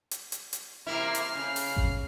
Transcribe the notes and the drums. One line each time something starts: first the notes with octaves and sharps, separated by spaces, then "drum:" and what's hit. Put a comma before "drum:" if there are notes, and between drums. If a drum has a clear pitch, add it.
drum: hi-hat
drum: hi-hat
drum: hi-hat
C3 A#3 E4 F6 C7
drum: hi-hat
C#3
drum: open hi-hat
drum: kick G#1